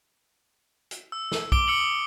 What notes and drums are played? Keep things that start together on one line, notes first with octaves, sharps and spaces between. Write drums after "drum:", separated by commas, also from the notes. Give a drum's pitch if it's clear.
drum: hi-hat
E6
drum: snare
D6 D7 G7, drum: kick B1
E6 C#7 F#7
D#6